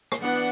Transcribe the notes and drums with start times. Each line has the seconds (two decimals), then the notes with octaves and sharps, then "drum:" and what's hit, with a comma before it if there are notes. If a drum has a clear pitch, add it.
0.12 drum: rim click
0.21 E3 B3 D4 F#5